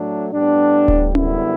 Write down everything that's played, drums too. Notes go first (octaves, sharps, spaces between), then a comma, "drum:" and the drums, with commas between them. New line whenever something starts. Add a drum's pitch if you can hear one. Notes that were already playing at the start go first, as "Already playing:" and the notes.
Already playing: A2 F#3 A3 D4
A2 G3 B3 D4
drum: kick D1
F#2 D3 G3 B3 E4, drum: tom C#4